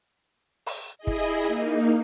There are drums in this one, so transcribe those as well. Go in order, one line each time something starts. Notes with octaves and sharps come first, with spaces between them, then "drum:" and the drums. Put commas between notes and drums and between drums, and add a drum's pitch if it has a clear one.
drum: open hi-hat
E4 G#4 D#5
drum: kick
A#3 D#4, drum: hi-hat